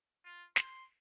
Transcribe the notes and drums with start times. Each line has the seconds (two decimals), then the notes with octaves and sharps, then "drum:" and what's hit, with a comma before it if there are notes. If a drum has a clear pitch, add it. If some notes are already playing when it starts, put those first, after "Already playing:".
0.25 F4
0.56 C6, drum: snare